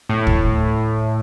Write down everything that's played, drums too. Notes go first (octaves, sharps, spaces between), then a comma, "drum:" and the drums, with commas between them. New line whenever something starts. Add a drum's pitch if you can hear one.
A2
drum: kick